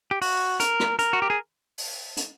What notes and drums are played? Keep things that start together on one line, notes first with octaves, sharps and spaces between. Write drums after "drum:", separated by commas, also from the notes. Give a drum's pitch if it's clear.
G4
F#4, drum: open hi-hat
A#4, drum: hi-hat
drum: rim click
A#4, drum: hi-hat
F#4
G4
G#4
drum: open hi-hat
drum: hi-hat